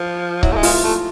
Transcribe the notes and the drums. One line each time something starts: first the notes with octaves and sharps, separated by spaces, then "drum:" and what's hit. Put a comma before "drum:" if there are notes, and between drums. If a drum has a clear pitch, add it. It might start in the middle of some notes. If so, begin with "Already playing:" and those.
Already playing: F3
F#3 E4, drum: kick C#1
A3
G#3
F4, drum: open hi-hat
A3